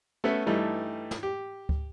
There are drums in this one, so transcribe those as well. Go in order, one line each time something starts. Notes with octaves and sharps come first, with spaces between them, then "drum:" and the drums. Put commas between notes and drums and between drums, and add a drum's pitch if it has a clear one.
A3 B3 C#4 E5
G2 E3 G3 A3 D#4
drum: snare
G4
drum: kick D2